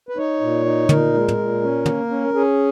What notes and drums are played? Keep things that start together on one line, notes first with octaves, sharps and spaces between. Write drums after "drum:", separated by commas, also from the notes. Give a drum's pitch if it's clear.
B4
D#4 C#5
A#2
D#4
A#2 A#4, drum: tom
G#3
drum: tom
A#2
C#4
A#3, drum: tom
C#4
C#4 G#4